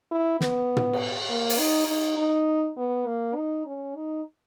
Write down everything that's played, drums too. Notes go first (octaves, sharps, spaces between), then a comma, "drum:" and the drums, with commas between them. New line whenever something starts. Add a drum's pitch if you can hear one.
E4
B3, drum: snare
drum: tom
drum: cymbal
A#3
drum: open hi-hat
D#4
D#4
D#4
B3
A#3
D#4
C#4
D#4